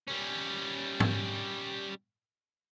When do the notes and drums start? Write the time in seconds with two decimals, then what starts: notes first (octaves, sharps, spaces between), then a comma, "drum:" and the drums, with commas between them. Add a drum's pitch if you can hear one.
0.08 G3 C#4
1.00 drum: tom